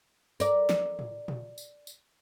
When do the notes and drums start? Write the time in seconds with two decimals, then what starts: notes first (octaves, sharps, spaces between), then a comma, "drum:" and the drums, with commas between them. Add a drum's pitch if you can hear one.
0.40 A#4 D5, drum: tambourine
0.69 drum: snare
0.99 drum: tom A2
1.28 drum: tom A#2
1.58 drum: tambourine
1.87 drum: tambourine